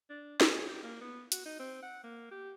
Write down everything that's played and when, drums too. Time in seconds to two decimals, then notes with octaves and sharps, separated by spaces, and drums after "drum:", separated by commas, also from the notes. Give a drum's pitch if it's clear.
0.09 D4
0.41 drum: snare
0.51 G#4
0.68 G4
0.83 A#3
1.01 B3
1.32 F#4, drum: hi-hat
1.45 D#4
1.59 C4
1.82 F#5
2.03 A#3
2.31 G4